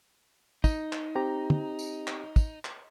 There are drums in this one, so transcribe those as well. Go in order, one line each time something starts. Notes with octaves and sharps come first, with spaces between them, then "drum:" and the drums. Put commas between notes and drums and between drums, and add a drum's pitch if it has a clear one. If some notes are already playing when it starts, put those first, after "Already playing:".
D#4, drum: kick, tambourine
drum: clap
C4 G4 A#5
drum: tom
drum: tambourine
drum: clap
drum: kick, tambourine
drum: clap